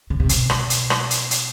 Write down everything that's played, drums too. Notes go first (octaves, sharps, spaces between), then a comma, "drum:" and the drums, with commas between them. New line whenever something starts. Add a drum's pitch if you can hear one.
C#3
C3
B2, drum: hi-hat
drum: rim click
drum: hi-hat
drum: rim click
drum: hi-hat
drum: hi-hat